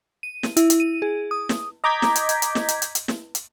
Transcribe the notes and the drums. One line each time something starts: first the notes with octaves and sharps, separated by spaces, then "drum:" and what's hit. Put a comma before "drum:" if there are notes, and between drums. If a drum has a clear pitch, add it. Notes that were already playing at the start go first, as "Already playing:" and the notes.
D#7
drum: snare
E4, drum: hi-hat
drum: hi-hat
D#7
G#4
D#6
drum: snare
D#5 A#5 D6 G6 G#6 B6
drum: snare
drum: hi-hat
drum: hi-hat
drum: hi-hat
drum: snare
drum: hi-hat
drum: hi-hat
drum: hi-hat
drum: snare
drum: hi-hat